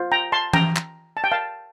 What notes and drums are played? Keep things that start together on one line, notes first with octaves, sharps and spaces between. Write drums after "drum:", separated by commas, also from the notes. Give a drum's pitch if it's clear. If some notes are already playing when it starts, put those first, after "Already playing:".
Already playing: F4 C5
G5 A#5
A5 C6
G5 A#5, drum: tom E3
drum: clap
A5
G5
F5 A5